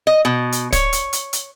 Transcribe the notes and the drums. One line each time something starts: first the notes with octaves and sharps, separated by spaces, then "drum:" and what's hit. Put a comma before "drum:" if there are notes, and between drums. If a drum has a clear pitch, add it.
D#5
B2
drum: hi-hat
C#5, drum: kick, hi-hat
drum: hi-hat
drum: hi-hat
drum: hi-hat